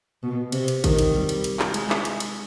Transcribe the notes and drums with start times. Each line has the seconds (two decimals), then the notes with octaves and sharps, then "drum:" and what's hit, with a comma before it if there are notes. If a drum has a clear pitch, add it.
0.23 B2
0.52 C3, drum: cymbal
0.68 drum: cymbal
0.84 D#3, drum: kick A1, cymbal
0.99 drum: cymbal
1.14 G3
1.29 drum: cymbal
1.44 drum: cymbal
1.59 drum: clap
1.74 G#3, drum: cymbal
1.90 drum: clap
2.05 drum: cymbal
2.20 drum: cymbal